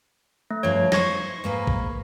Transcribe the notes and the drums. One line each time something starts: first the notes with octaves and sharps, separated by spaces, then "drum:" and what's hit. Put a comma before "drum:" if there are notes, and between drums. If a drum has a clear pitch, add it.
A3
G2 C#3 F3 C#5
D#4 C5 C#6 G#6 A#6, drum: snare
G#2 A#3 B4
drum: kick A#1